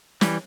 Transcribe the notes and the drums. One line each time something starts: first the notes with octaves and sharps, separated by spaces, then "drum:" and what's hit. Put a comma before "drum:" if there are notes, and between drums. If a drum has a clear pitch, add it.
E3 G3, drum: snare